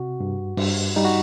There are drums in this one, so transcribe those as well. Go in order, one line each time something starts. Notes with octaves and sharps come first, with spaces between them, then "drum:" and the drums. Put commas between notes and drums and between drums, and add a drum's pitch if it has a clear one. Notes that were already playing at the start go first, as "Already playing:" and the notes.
Already playing: C3 F#4
G2
G2, drum: cymbal
G3 D#4
F#4